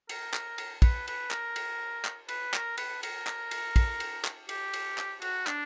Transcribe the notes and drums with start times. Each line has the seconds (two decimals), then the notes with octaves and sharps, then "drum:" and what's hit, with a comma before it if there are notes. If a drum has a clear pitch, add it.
0.09 A#4, drum: cymbal
0.34 drum: clap
0.58 drum: cymbal
0.82 B4, drum: kick, cymbal
1.08 B4, drum: cymbal
1.31 A#4, drum: clap
1.56 drum: cymbal
2.05 drum: clap
2.29 B4, drum: cymbal
2.54 A#4, drum: clap
2.78 B4, drum: cymbal
3.03 A#4, drum: cymbal
3.27 drum: clap
3.51 drum: cymbal
3.76 drum: kick, cymbal
4.00 drum: cymbal
4.25 drum: clap
4.49 G4, drum: cymbal
4.73 drum: cymbal
4.98 drum: clap
5.22 F#4, drum: cymbal
5.47 D4, drum: clap